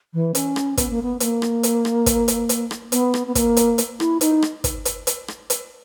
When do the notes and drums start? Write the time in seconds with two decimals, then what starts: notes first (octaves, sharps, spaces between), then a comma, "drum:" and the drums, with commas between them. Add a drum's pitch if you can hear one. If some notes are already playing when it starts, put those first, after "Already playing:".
0.14 E3
0.35 C#4, drum: hi-hat
0.56 drum: rim click
0.77 B3, drum: kick, hi-hat
0.90 A#3
1.02 B3
1.20 A#3, drum: hi-hat
1.42 drum: rim click
1.63 drum: hi-hat
1.85 drum: rim click
2.06 drum: kick, hi-hat
2.28 drum: hi-hat
2.49 drum: hi-hat
2.71 drum: rim click
2.92 B3, drum: hi-hat
3.14 drum: rim click
3.27 B3
3.35 A#3, drum: kick, hi-hat
3.57 drum: hi-hat
3.78 drum: hi-hat
4.00 E4, drum: rim click
4.21 D#4, drum: hi-hat
4.42 drum: rim click
4.64 drum: kick, hi-hat
4.85 drum: hi-hat
5.07 drum: hi-hat
5.28 drum: rim click
5.50 drum: hi-hat